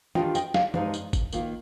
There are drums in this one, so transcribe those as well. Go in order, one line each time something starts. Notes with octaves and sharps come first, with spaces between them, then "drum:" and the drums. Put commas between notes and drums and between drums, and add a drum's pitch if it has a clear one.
D#3 G3 D4 F4 D#5 G5, drum: tom
D#5 G5, drum: tambourine
D5 F5, drum: snare
G2 F3 G#3 D#4 D5 F5, drum: tom
drum: tambourine
drum: kick G1, tambourine
D#3 A#3 F4, drum: tambourine